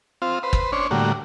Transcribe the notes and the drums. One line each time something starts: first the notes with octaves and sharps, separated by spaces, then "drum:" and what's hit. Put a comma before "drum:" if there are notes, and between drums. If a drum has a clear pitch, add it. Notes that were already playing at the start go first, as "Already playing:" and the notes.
C4 F4
B4 C5
drum: kick
C#4 D4 C5 C#5
A2 D3 G3 A#3 F#4